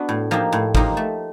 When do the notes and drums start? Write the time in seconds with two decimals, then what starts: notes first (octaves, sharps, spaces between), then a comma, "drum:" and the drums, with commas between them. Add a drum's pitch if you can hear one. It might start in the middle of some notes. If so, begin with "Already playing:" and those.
Already playing: B3 D4 F#4
0.09 A2
0.31 F3 A#3 D#4 G4
0.52 A2
0.75 F3 A#3 D#4 G4, drum: kick G#1
0.97 A3